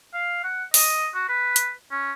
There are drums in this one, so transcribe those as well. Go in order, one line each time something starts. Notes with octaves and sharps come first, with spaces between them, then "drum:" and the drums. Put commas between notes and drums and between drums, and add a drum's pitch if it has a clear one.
F5
F#5
D#5, drum: open hi-hat
F#4
B4
drum: hi-hat
C#4